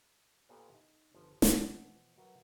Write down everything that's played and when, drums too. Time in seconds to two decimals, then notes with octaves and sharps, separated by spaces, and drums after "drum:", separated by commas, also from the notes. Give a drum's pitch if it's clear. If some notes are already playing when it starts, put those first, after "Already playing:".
0.49 A#2 B3 F4 G4 A4
0.75 D#4
1.15 G1 F3
1.42 B2 E3 F3, drum: snare
2.18 F#3 F#4 A#4 B4